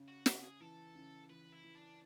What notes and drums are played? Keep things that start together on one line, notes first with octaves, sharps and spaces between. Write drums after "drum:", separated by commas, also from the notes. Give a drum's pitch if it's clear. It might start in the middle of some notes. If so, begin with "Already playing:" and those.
Already playing: C#3
F#4
C#3, drum: snare
G#4
E3 A4
C#3
E3 B4
E4
E3
D4